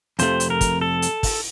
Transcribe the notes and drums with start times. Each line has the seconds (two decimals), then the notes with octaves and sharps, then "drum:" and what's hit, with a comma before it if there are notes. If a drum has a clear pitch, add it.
0.19 F2 C3 F3 A3 C5, drum: hi-hat
0.40 drum: hi-hat
0.50 A#4
0.61 drum: kick, hi-hat
0.81 A4
1.02 drum: hi-hat
1.23 drum: kick, open hi-hat